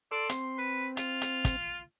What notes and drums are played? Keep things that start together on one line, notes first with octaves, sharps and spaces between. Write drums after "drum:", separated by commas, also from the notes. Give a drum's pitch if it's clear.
A4 D5 C6 E6
C4 C6, drum: hi-hat
B4
F4, drum: hi-hat
drum: hi-hat
drum: kick, hi-hat